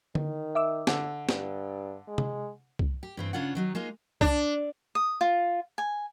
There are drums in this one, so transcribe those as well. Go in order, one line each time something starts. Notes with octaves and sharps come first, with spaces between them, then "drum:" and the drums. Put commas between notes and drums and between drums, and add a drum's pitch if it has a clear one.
D#3, drum: tom D3
E5 D6 E6
D3, drum: snare
G2, drum: snare
G#3
drum: tom C3
drum: kick
G4
G2 E3 C4
C#3 D4 F4 C#5 F#5
D#3 F#3 D#4
G#3 A#3 D#4 F4
D4, drum: kick
D#6
F4
G#5